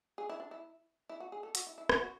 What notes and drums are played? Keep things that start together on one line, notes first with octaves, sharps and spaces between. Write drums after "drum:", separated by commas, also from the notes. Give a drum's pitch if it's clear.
G#4
E4
D4
E4
E4
F#4
G#4
A4
F#4, drum: hi-hat
E4
E4
E4, drum: rim click
F#4